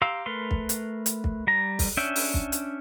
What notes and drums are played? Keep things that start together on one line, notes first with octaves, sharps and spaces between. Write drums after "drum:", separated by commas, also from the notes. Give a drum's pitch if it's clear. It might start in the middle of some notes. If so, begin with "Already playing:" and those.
G4 F5 A#5 C6 E6
A3 A#4 B4 C6
drum: kick
drum: hi-hat
drum: hi-hat
drum: kick
G3 A#5
drum: kick, open hi-hat
C#4 D4 E5 G5
drum: open hi-hat
drum: kick
drum: hi-hat